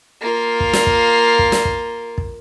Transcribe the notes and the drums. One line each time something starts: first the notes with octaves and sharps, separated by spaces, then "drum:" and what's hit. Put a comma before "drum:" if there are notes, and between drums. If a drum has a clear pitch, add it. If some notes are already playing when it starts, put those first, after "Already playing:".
A#3 F4
drum: kick
drum: snare
drum: kick
drum: kick
drum: snare
drum: kick
drum: kick